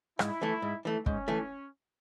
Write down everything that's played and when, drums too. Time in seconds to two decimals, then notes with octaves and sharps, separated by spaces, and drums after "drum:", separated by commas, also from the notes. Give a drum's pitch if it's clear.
0.19 G#2 E4, drum: rim click
0.42 E3 A3
0.62 G#2
0.85 E3 A3
1.06 G#2 C#4, drum: kick
1.28 E3 A3